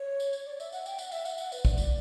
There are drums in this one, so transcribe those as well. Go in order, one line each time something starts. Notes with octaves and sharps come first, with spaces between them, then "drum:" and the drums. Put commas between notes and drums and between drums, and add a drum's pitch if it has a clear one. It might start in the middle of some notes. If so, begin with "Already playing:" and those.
Already playing: C#5
drum: tambourine
drum: tambourine
D5
E5, drum: tambourine
F#5, drum: tambourine
G5, drum: tambourine
F#5, drum: tambourine
E5, drum: tambourine
F#5, drum: tambourine
F#5, drum: tambourine
B4, drum: tambourine
D5, drum: kick, tambourine
drum: tambourine